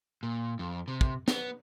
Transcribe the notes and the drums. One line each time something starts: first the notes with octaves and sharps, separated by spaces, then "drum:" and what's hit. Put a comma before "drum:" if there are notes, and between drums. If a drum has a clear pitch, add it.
A#2
F2
C3
drum: kick
B3, drum: snare